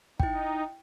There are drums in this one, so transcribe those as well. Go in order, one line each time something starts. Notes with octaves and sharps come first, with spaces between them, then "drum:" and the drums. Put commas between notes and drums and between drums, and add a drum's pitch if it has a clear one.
D#4 E4 G5, drum: kick